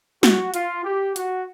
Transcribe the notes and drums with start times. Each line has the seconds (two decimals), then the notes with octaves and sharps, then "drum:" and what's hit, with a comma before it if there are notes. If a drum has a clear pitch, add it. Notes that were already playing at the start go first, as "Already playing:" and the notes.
0.23 F#4, drum: snare
0.54 F4, drum: hi-hat
0.85 G4
1.16 F#4, drum: hi-hat